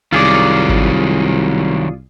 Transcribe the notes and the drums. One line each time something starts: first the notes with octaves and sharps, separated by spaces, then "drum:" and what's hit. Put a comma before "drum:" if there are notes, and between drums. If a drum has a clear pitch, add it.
C2 D#3 F#3 F4 G#4 D5
drum: kick G#1